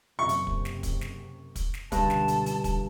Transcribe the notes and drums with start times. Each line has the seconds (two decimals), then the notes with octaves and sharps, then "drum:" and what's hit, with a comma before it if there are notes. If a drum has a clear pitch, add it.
0.19 F#1 F#2 C3 C#6
0.29 drum: hi-hat
0.47 drum: kick
0.65 drum: snare
0.83 drum: kick, hi-hat
1.01 drum: snare
1.56 drum: kick, hi-hat
1.74 drum: snare
1.92 C#2 G2 B2 D3 A5, drum: kick, hi-hat
2.10 drum: snare
2.28 drum: hi-hat
2.46 drum: hi-hat
2.64 drum: kick, hi-hat